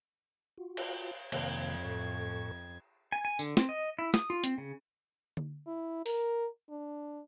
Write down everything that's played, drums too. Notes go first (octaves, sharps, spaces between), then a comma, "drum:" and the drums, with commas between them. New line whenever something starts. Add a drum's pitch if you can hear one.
F4 F#4
drum: cymbal
F2 C3 D#3 A#3 G#6, drum: cymbal
A2 A4 C#6
G#5
G#5
D3, drum: tambourine
C4, drum: snare
D#5
E4
D#6, drum: snare
F4
C4, drum: hi-hat
C#3
drum: tom D3
E4
A#4, drum: open hi-hat
D4